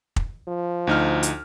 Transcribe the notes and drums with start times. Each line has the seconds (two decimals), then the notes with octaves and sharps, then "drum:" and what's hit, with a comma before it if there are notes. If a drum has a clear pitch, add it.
0.16 drum: kick
0.48 F3
0.87 D2 D#4 F6
1.23 drum: hi-hat